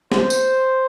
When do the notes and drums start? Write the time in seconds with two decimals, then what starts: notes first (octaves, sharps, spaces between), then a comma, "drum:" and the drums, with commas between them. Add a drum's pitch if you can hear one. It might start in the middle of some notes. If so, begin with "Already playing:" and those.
0.12 C5, drum: snare
0.30 drum: tambourine